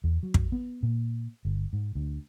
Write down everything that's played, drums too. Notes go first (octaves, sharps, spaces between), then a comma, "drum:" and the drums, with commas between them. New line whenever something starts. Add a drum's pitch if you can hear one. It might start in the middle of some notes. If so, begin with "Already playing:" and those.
E2
F#3
drum: kick
B3
A#2
G1
G#2
D2